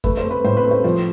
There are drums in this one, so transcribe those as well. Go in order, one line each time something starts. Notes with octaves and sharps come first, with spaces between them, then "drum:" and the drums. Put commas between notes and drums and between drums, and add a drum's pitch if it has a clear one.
A3 B4, drum: kick F2
C5
A3
B4
A2 C5
B4
A3
C5
F3 C5